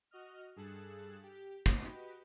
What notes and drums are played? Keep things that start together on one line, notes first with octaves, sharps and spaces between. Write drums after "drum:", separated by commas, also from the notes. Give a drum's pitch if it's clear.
F#4 D#5 F6
G2 G#4 A4 A5 F#6
G4
F#4 G4 B4 D#5, drum: kick